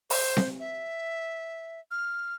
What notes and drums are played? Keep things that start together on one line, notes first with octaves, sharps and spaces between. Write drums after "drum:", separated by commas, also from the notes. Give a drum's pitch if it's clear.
C5, drum: open hi-hat
drum: snare C4
E5
F6